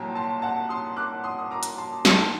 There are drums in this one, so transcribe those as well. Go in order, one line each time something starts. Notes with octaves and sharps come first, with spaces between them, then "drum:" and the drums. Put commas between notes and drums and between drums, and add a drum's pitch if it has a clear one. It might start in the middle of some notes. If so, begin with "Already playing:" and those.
Already playing: C2 A#2 F#3 G5 A5 A#5
A5 C6
F#5 A5
C6 D#6
D6 F#6
C6 D#6
D#6
A#5 D6
drum: hi-hat
A5 C6
A5 C6, drum: snare